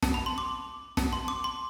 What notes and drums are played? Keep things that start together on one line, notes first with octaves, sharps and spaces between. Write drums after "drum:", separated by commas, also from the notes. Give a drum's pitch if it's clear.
A5, drum: snare
B5
C6
D6
A5, drum: snare
C6
D6
C6